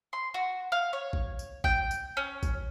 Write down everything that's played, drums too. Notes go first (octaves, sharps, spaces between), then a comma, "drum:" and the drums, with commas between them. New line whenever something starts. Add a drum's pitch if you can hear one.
C6
F#4
F5
C#5
drum: kick A1
drum: tambourine
G5, drum: kick A1
drum: tambourine
C#4
drum: kick A1, tambourine